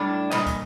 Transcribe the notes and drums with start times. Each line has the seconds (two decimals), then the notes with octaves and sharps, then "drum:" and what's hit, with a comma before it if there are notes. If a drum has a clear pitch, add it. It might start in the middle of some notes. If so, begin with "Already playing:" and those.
Already playing: A2 G3 D4
0.32 A#2 G3 D#5, drum: clap
0.47 drum: kick, hi-hat